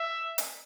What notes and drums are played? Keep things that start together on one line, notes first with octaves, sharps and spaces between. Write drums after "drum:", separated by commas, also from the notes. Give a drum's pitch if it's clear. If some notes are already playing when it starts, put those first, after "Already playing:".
Already playing: E5
drum: hi-hat